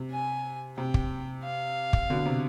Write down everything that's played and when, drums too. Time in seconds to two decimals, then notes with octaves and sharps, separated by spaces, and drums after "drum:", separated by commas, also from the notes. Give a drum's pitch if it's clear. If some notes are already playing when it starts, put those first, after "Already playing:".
Already playing: C3
0.12 G#5
0.77 C3 G5
0.94 drum: kick
1.44 F5
1.93 drum: kick
2.10 B2 D3
2.26 C3